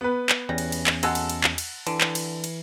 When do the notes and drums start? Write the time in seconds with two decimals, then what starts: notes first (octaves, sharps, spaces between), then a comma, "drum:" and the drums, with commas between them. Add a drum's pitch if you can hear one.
0.01 B3 B4
0.29 drum: clap
0.49 E2 G3 C#4 A#6
0.58 drum: cymbal
0.72 drum: cymbal
0.87 drum: clap
1.03 F#3 G#3 A4 F#5 A5 E6, drum: cymbal
1.15 drum: cymbal
1.29 drum: cymbal
1.44 drum: clap
1.58 drum: cymbal
1.87 D3 E3, drum: cymbal
2.01 drum: clap
2.15 drum: cymbal
2.44 drum: cymbal